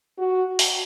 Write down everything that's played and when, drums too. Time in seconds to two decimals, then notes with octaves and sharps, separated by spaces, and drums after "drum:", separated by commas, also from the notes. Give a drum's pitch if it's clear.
0.18 F#4
0.59 drum: open hi-hat